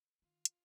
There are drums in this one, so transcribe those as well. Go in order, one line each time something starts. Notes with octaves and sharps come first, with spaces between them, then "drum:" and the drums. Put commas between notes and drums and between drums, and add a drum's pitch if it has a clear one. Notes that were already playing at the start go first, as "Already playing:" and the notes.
D#3 F4
drum: hi-hat